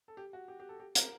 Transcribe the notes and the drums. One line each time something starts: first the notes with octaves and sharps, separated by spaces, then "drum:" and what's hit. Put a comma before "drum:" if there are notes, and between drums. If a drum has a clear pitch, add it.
A4
G4
F#4
G4
G4
A4
G4
A#4, drum: hi-hat